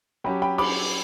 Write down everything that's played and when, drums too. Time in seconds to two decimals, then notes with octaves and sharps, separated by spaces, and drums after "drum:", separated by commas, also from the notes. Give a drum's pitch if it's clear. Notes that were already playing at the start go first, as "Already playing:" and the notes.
0.24 F#3 C#4 G4 G5 B5
0.42 G5 B5
0.58 B5 D6, drum: cymbal